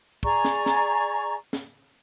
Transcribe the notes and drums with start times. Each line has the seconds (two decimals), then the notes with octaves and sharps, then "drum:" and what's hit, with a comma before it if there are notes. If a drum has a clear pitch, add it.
0.23 G#4 D5 A#5 C#6, drum: kick
0.45 drum: snare
0.66 drum: snare
1.53 drum: snare